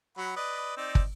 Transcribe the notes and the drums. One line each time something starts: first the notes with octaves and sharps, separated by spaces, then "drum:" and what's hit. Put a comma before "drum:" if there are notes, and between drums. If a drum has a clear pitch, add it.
F#3 F#5 B5
B4 D5 D#5
C4 D#4 D5
drum: kick